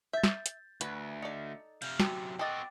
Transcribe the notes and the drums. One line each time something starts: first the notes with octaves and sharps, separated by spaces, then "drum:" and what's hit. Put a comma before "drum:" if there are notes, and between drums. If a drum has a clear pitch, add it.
E5 G6 A6
drum: snare
drum: hi-hat
D2 F#4 B4, drum: hi-hat
D#4 A4 D5 C#7
C3 F5 G6, drum: cymbal
F#2 C3 F#4 G5 A5, drum: snare
C4 F#4 A4 D#5 G5 D6 A6